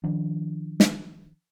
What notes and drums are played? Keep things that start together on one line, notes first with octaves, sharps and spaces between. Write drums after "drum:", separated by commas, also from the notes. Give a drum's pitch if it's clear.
D#3 F3 D4
drum: snare